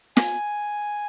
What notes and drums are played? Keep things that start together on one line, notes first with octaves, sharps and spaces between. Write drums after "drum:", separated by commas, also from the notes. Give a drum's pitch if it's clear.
G#5, drum: snare